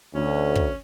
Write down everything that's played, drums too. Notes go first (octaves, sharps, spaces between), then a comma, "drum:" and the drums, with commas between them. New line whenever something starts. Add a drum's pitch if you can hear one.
D2 C#4
drum: kick